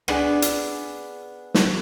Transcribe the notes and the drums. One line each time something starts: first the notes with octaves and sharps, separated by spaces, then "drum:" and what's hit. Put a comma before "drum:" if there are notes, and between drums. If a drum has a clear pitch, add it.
B3 D4 G#4, drum: rim click
drum: hi-hat
drum: snare